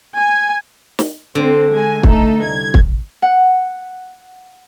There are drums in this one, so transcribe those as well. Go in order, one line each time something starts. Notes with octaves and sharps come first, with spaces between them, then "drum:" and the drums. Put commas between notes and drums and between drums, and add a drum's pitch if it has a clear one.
G#5
drum: snare
D3 C4
G#3 G#5
A3 D#4 A4, drum: kick
C2 G#6
drum: kick
F#5